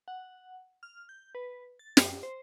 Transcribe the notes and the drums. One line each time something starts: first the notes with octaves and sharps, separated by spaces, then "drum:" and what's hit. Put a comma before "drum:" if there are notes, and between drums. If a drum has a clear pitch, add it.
F#5
F6
G6
B4
A6
F#2, drum: snare
C5